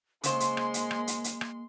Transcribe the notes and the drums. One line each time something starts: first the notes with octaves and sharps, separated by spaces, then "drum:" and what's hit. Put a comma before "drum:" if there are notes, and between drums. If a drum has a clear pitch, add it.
C#3 G#3 A#3 C5 C6, drum: hi-hat
drum: hi-hat
drum: rim click
drum: hi-hat
drum: rim click
drum: hi-hat
drum: hi-hat
drum: rim click